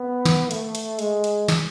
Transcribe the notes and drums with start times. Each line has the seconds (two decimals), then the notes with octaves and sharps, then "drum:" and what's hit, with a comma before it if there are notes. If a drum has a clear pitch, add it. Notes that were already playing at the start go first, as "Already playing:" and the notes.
Already playing: B3
0.25 drum: snare
0.51 A3, drum: hi-hat
0.75 drum: hi-hat
0.99 G#3, drum: hi-hat
1.24 drum: hi-hat
1.48 drum: snare